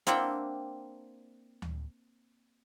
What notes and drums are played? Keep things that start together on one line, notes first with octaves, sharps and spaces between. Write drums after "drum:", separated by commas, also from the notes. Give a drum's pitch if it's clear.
A#3 C4 D4 E5 F#5 G5, drum: snare E4
drum: tom D2